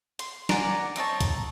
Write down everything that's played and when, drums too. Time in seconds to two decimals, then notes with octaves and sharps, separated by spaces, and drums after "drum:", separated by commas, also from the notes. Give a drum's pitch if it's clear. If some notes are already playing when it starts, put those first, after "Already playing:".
0.19 C6, drum: hi-hat
0.49 A#4 D5 F#5 G#5, drum: snare
0.96 C4 D#4 C#5 A5, drum: hi-hat
1.21 drum: kick, hi-hat